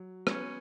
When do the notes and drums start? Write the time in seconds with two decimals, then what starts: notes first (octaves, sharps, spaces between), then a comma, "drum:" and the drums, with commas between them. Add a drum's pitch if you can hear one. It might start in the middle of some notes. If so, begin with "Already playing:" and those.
Already playing: F#3
0.27 B3 C#4, drum: rim click